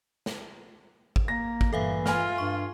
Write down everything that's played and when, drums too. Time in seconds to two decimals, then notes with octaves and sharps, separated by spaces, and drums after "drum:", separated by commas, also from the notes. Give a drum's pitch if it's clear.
0.26 drum: snare
1.16 drum: kick G#1
1.28 A#3 A#6
1.61 drum: kick G#1
1.73 G2 A#2 E3 A4 E5 F5
2.06 F4 G#5 F6, drum: snare
2.38 G2 C#6